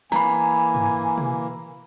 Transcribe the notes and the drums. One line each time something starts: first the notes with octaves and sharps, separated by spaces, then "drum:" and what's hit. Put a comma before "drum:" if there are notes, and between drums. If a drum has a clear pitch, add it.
E3 A#3 G#5 A#5 B5, drum: snare
drum: tom G2
drum: tom B2